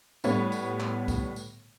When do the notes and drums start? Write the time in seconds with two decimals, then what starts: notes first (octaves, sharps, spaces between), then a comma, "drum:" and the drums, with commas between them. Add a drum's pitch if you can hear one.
0.24 A2 G3 B3 C#5, drum: tambourine
0.52 drum: tambourine
0.80 drum: clap
1.08 drum: kick C2, tambourine
1.36 drum: tambourine